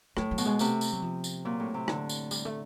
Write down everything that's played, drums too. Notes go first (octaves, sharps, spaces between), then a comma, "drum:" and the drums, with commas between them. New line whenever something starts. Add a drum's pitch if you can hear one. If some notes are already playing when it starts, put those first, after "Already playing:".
A2 F#3, drum: rim click
F#3
B2, drum: tambourine
G#3
C3 A3, drum: tambourine
drum: tambourine
F#3
F3
drum: tambourine
A#2 F#3
A2
C3
D3, drum: rim click
drum: tambourine
G3, drum: tambourine
A3